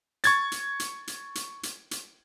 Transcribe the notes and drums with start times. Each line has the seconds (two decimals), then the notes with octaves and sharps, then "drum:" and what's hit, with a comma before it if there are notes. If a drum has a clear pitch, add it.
0.24 C#6 G#6 A6, drum: hi-hat
0.52 drum: hi-hat
0.80 drum: hi-hat
1.07 drum: hi-hat
1.35 drum: hi-hat
1.63 drum: hi-hat
1.91 drum: hi-hat